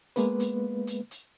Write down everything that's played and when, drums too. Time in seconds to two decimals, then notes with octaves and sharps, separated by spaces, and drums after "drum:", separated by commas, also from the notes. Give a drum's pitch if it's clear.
0.16 G#3 A#3 B3 B4, drum: hi-hat
0.40 drum: hi-hat
0.87 drum: hi-hat
1.11 drum: hi-hat